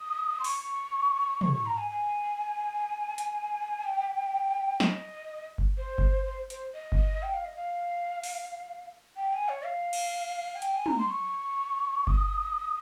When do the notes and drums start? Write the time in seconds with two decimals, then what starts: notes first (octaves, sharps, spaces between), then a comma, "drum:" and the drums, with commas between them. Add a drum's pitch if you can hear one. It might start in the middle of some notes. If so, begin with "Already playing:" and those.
Already playing: D#6
0.39 C6
0.44 C#6, drum: open hi-hat
1.41 C#6, drum: tom
1.53 C#6
1.66 A#5
1.77 G#5
1.89 G#5
3.18 drum: hi-hat
3.83 G5
4.80 D#5, drum: snare
5.58 drum: kick G1
5.77 C5
5.98 drum: kick G1
6.25 C5
6.50 C5, drum: hi-hat
6.74 D#5
6.92 drum: kick G1
7.22 G5
7.33 F5
7.45 D#5
7.56 F5
8.24 drum: open hi-hat
9.16 G5
9.33 G#5
9.49 C#5
9.65 F5
9.93 drum: cymbal
10.55 G#5
10.62 G5, drum: hi-hat
10.74 G#5
10.86 A#5, drum: tom
10.98 C6
11.10 C#6
12.07 D#6, drum: kick G1